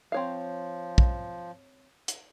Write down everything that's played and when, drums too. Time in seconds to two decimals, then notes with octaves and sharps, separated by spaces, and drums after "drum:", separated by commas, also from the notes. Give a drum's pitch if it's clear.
0.12 F3 C4 C#5 F5
0.98 drum: kick
2.08 drum: hi-hat